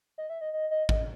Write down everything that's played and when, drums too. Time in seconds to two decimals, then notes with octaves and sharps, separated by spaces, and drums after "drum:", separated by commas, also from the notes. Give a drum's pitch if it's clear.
0.18 D#5
0.30 E5
0.41 D#5
0.53 D#5
0.71 D#5
0.89 D#5, drum: kick G#1